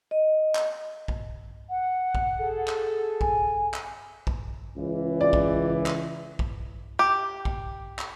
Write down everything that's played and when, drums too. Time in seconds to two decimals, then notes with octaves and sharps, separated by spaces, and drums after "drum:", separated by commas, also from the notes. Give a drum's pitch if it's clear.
0.11 D#5
0.55 drum: clap
1.08 drum: kick
1.70 F#5
2.15 drum: kick
2.39 G#4 A4
2.68 drum: clap
3.21 G#5, drum: kick
3.74 drum: clap
4.27 drum: kick
4.77 C#2 E3
5.21 D5
5.33 drum: kick
5.86 drum: clap
6.39 drum: kick
6.99 G4
7.45 drum: kick
7.98 drum: clap